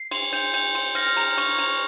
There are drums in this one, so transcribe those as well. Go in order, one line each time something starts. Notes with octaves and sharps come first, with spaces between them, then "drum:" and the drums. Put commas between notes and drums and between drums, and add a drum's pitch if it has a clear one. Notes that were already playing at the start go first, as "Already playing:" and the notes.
Already playing: C7
C6, drum: cymbal
G6, drum: cymbal
G6, drum: cymbal
C6, drum: cymbal
F6 A#6, drum: cymbal
A#5, drum: cymbal
C#6, drum: cymbal
A#5, drum: cymbal